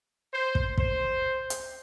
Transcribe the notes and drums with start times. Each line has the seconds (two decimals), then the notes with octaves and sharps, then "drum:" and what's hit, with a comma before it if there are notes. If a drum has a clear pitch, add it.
0.34 C5
0.55 drum: kick
0.78 C5, drum: kick
1.50 drum: hi-hat